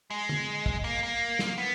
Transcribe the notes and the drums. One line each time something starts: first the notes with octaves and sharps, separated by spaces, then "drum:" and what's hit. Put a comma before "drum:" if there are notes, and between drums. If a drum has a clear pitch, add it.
G#3
drum: tom
drum: kick
A#3
A#3
drum: snare
B3